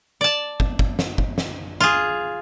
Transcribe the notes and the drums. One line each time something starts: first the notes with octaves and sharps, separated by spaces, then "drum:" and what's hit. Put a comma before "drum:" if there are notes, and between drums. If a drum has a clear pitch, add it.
D5 A5
drum: kick
drum: kick
drum: snare
drum: kick
drum: snare
F4 G#4